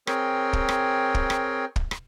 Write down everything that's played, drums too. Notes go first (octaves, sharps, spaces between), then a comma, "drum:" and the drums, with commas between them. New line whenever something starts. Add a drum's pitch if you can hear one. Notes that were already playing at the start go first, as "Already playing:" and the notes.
C4 G#4 A#4 C#5 G5, drum: rim click
drum: kick
drum: rim click
drum: kick
drum: rim click
drum: kick
drum: rim click